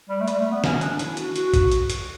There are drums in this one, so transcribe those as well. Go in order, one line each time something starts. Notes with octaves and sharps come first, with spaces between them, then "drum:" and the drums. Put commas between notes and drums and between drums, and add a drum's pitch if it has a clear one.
G3
A3
G3, drum: hi-hat
A3
B3
C#4, drum: snare
C#4
D4, drum: hi-hat
E4, drum: hi-hat
F#4, drum: hi-hat
F#4, drum: hi-hat
drum: kick A1, hi-hat
drum: hi-hat
drum: hi-hat